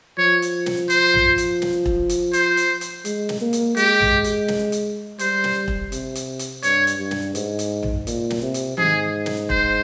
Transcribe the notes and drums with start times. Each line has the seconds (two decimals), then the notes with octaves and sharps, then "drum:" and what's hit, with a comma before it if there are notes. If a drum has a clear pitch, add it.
0.18 F3 C#5
0.42 drum: hi-hat
0.66 drum: snare
0.90 C5, drum: hi-hat
1.14 drum: tom A#1
1.38 drum: hi-hat
1.62 drum: snare
1.86 drum: kick E1
2.09 drum: hi-hat
2.33 C5, drum: hi-hat
2.57 drum: hi-hat
2.81 drum: hi-hat
3.05 G#3, drum: hi-hat
3.29 drum: snare
3.41 A#3
3.53 drum: hi-hat
3.77 G#3 G4, drum: hi-hat
4.01 drum: tom A#1
4.24 drum: hi-hat
4.48 drum: snare
4.72 drum: hi-hat
5.19 G3 C5, drum: hi-hat
5.44 drum: snare
5.68 drum: kick E1
5.92 C3, drum: hi-hat
6.15 drum: hi-hat
6.39 drum: hi-hat
6.63 G2 C#5, drum: hi-hat
6.87 drum: hi-hat
6.99 G2
7.11 drum: snare
7.35 G#2, drum: hi-hat
7.59 drum: hi-hat
7.83 drum: tom A#1
8.07 A#2, drum: hi-hat
8.30 drum: snare
8.42 C3
8.54 drum: hi-hat
8.78 G#2 G#4, drum: tom D#3
9.26 drum: snare
9.50 C5, drum: kick E1